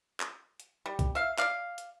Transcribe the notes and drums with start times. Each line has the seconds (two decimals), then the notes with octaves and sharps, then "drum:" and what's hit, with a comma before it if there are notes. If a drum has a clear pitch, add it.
0.20 drum: clap
0.60 drum: hi-hat
0.86 G3
0.99 drum: kick, hi-hat
1.15 E5 F5
1.38 D5 F5, drum: clap
1.78 drum: hi-hat